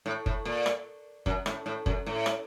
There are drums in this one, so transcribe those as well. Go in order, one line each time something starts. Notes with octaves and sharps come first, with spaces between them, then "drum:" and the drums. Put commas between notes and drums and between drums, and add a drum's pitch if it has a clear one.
A2
A2, drum: kick
A#2
drum: rim click
F#2, drum: kick
A2, drum: rim click
A2
F#2, drum: kick
A2
drum: rim click